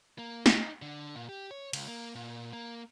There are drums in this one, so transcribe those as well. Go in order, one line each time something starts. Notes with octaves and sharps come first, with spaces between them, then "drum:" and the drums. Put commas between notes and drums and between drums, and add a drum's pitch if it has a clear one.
A#3
D#4, drum: snare
D3
A#2
G4
C#5
C#2, drum: cymbal
A#3
A#2
A#3